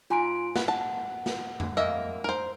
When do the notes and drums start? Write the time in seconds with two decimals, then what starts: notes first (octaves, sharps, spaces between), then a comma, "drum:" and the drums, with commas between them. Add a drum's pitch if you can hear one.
0.10 G#2 F4 G#5 A#5 C6 D7
0.56 B3, drum: snare
0.68 F#5 A5
1.26 drum: snare
1.60 drum: tom F2
1.77 F2 G#3 A#3 D#5 E5
2.24 A#4 C5